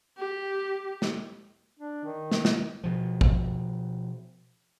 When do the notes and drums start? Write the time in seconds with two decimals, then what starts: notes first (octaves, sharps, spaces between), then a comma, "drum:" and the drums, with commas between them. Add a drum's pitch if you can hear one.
0.18 G4
1.02 drum: snare
1.79 D4
2.04 D#3
2.31 drum: snare
2.45 drum: snare
2.84 B2 F3
3.21 drum: kick